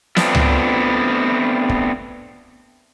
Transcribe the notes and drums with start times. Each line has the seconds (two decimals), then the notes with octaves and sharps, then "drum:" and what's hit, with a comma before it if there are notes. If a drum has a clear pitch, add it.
0.16 A3 B3 C4 D4 F4, drum: snare
0.35 drum: tom C#2
1.69 drum: kick